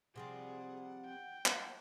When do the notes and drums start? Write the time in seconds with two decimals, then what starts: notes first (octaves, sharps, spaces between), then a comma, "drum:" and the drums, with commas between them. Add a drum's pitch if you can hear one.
0.16 C3 F3 G3 G#4 F#5
1.06 G5
1.46 F#5, drum: clap